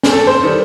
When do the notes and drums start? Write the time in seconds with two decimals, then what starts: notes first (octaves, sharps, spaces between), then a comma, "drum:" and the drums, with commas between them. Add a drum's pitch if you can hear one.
0.03 drum: snare
0.13 A4
0.27 C5
0.43 D#3 G3